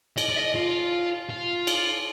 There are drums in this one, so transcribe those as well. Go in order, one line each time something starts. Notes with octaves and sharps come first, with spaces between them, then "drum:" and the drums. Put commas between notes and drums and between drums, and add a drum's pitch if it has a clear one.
D#5, drum: cymbal
D5
D#5
F4
F4
drum: cymbal